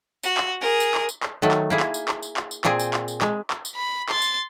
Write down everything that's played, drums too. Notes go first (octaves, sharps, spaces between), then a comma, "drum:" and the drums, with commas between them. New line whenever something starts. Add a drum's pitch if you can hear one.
F#4, drum: tambourine
drum: clap
G#4 A#4
drum: tambourine
drum: clap
drum: tambourine
drum: clap
D#3 F#3 A3
drum: clap
A#3 E4 G#4
drum: clap
drum: tambourine
drum: clap
drum: tambourine
drum: clap
drum: tambourine
A#2 C4 G#4, drum: clap
drum: tambourine
drum: clap
drum: tambourine
G#3, drum: clap
drum: clap
drum: tambourine
B5
C6 A6, drum: clap
drum: tambourine